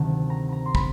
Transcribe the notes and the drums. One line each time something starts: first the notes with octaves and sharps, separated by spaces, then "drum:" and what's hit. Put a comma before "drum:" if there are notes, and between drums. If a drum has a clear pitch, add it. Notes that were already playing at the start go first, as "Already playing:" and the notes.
Already playing: D2 C3 D#3 F#3 A5
A#5
A#5
C6
B5, drum: kick